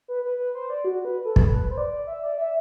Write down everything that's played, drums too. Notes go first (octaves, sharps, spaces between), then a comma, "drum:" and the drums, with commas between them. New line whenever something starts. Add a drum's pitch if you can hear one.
B4
B4
B4
C5
D5
F#4
B4
A4
drum: kick
B4
C5
D5
E5
D5
E5